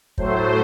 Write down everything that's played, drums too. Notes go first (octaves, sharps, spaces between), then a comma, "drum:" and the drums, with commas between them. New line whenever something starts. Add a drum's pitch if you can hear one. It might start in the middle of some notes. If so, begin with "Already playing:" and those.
A2 F#3 A3 C5, drum: kick